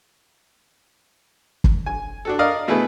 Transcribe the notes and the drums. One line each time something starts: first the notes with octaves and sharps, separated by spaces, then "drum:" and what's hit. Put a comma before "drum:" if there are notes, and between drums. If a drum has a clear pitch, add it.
drum: kick
G#5
D4 F#4 A4
A#4 D5 D#5 F5 D#6 F6
B2 A3 E4 G#4 B4